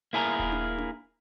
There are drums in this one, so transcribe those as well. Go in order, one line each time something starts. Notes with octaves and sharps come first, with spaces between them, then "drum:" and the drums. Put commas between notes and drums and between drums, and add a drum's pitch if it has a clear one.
A#3 E4 G#4 A#4
drum: kick D#1
drum: tom D4
drum: tom D4